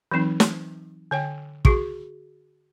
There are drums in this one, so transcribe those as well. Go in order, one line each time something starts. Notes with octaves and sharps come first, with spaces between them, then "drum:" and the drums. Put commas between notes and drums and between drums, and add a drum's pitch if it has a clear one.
E3 F#3 C4 D#4
drum: snare
D3 C#5 G5
F#4 G#4 C#6, drum: kick